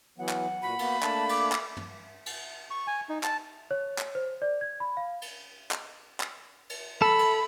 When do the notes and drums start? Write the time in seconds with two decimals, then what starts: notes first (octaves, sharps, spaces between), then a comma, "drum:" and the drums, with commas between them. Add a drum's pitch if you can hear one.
0.18 E3 F#3 B3 F#5
0.29 drum: clap
0.62 A#2 F#4 B5
0.79 A#3 B3 F#4, drum: cymbal
1.03 A3 A#3 D4 A5, drum: clap
1.29 D6, drum: cymbal
1.52 drum: clap
1.77 drum: tom
2.26 drum: cymbal
2.71 C#6
2.87 G#5
3.09 D#4
3.23 A5, drum: clap
3.71 C#5
3.98 drum: clap
4.15 C5
4.42 D5
4.61 G#6
4.80 B5
4.97 F5
5.22 drum: cymbal
5.71 drum: clap
6.20 drum: clap
6.70 drum: cymbal
7.02 A4 B5
7.19 drum: cymbal